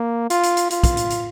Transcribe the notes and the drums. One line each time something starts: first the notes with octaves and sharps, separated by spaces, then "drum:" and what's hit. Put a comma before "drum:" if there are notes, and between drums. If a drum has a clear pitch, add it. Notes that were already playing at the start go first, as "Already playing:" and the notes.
Already playing: A#3
F4, drum: hi-hat
drum: hi-hat
drum: hi-hat
F4, drum: hi-hat
drum: kick, hi-hat
drum: hi-hat
drum: hi-hat